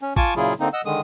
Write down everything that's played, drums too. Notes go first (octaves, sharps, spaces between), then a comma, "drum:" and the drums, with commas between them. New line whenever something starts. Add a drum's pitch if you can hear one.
C#4
F4 G#5 A5 C#6 D6, drum: kick
A#2 C#3 F#3 E4 F4 G#4
D3 A#3 C4 D#4
D#5 F#5 E6
D3 D#3 G#3 D#6